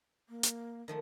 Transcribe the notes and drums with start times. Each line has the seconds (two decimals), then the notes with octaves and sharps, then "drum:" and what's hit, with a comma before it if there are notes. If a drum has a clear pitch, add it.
0.29 A#3
0.43 drum: hi-hat
0.88 D#3 F3 A3